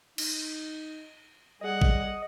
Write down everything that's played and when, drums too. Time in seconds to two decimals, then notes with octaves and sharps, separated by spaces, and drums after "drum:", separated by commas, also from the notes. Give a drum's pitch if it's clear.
0.18 D#4, drum: cymbal
1.61 G3 G#4 D#5 F#5
1.82 drum: kick A1